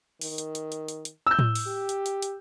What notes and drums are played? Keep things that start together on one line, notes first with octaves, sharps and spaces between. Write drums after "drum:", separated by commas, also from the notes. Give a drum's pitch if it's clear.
D#3, drum: open hi-hat
drum: hi-hat
drum: hi-hat
drum: hi-hat
drum: hi-hat
drum: hi-hat
E6 G6
drum: tom A2
drum: open hi-hat
G4
drum: hi-hat
drum: hi-hat
drum: hi-hat